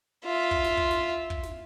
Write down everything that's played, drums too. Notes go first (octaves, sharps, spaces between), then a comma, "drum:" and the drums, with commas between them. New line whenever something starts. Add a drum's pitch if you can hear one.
F4 E5
drum: kick
drum: snare
drum: kick
drum: snare
drum: kick
drum: snare